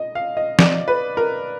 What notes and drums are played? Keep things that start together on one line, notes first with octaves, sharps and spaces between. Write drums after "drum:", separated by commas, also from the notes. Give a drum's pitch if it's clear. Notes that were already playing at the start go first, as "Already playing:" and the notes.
Already playing: D#5
F5
D#5
D5, drum: snare
B4
A#4